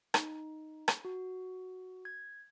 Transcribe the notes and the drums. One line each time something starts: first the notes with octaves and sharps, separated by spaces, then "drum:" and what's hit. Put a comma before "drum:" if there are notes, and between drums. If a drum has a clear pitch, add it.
D#4, drum: rim click
drum: rim click
F#4
G#6